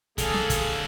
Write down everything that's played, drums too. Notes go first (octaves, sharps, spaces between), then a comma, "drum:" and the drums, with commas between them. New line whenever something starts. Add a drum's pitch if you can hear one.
D3 A#3 G#4 A4 F5, drum: kick, hi-hat
drum: snare
drum: kick, hi-hat